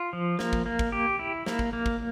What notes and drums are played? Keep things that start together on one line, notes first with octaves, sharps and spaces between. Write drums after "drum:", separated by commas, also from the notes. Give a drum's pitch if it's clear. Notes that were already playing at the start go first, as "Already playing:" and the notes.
Already playing: F4
F3
A#3, drum: snare
drum: kick
A#3
drum: kick
G4
E4
A#3, drum: snare
drum: kick
A#3
drum: kick